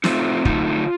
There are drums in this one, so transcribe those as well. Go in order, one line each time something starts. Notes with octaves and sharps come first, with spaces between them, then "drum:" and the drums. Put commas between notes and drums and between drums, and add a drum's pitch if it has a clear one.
A2 A3 C4 D#4 F4, drum: snare
D3 A3 D#4 F4, drum: kick